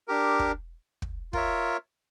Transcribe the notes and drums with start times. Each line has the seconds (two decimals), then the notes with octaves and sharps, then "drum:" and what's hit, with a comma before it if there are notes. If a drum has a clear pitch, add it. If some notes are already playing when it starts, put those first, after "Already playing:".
0.08 D4 G4 A#4
0.39 drum: kick
1.02 drum: kick
1.33 F4 A#4 C#5 E5, drum: kick